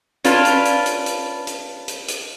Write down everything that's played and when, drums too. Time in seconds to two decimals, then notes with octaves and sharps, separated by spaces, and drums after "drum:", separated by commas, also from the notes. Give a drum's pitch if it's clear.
0.24 C#4 D4 F4 B4, drum: hi-hat
0.45 drum: hi-hat
0.65 drum: hi-hat
0.86 drum: hi-hat
1.06 drum: hi-hat
1.47 drum: hi-hat
1.88 drum: hi-hat
2.08 drum: hi-hat